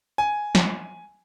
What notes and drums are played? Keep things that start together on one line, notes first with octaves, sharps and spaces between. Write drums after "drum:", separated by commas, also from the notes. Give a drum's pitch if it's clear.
G#5
drum: snare